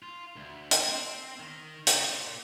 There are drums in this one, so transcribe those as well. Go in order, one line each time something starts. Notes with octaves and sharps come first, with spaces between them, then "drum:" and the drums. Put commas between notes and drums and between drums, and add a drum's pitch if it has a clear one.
F4
D2
drum: hi-hat
C4
D#3
C#3, drum: hi-hat
A#2